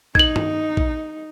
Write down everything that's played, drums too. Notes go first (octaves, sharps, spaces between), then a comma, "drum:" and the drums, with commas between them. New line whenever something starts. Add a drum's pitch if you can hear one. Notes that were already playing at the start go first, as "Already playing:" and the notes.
D#4 G#6 F#7, drum: kick
drum: tom G2
drum: kick